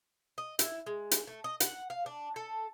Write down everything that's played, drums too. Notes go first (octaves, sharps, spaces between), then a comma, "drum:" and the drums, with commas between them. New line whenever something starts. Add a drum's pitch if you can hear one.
D#5
E4, drum: hi-hat
G#3
drum: hi-hat
A3
D#5
F#5, drum: hi-hat
F5
D4
A4